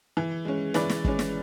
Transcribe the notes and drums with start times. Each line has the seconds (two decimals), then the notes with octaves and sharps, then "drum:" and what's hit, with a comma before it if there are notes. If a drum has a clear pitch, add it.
0.17 E3
0.45 G#3 C#4
0.74 E3 B4 D5, drum: snare
0.89 drum: snare
1.05 G#3 C#4, drum: kick
1.19 drum: snare